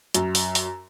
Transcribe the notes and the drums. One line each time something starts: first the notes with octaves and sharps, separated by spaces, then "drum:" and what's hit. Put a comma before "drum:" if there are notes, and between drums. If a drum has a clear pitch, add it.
F#2, drum: hi-hat
drum: open hi-hat
drum: open hi-hat